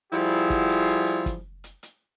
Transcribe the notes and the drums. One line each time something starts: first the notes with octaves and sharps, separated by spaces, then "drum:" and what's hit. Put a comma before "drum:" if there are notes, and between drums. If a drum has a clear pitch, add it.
F3 G3 E4 F#4 G#4, drum: hi-hat
drum: kick, hi-hat
drum: hi-hat
drum: hi-hat
drum: hi-hat
drum: kick, hi-hat
drum: hi-hat
drum: hi-hat